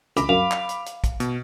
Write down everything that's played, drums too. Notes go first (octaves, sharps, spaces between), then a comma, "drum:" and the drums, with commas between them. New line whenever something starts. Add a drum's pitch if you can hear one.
C#2 A#5 B5 D6, drum: hi-hat
F#2 F5
drum: clap
drum: hi-hat
drum: hi-hat
drum: kick, hi-hat
B2, drum: hi-hat